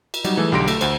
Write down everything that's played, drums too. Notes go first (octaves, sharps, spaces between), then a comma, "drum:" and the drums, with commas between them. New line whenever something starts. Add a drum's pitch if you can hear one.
drum: cymbal
F#3 G3 D#4, drum: cymbal
E3 A3 G#4
B1 D3 G4 C6 A#6 D7
A3, drum: cymbal
D2 C5, drum: cymbal